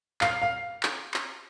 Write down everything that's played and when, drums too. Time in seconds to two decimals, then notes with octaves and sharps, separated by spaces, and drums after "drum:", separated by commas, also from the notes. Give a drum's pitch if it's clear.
0.21 F5, drum: clap
0.42 F5
0.83 drum: clap
1.14 drum: clap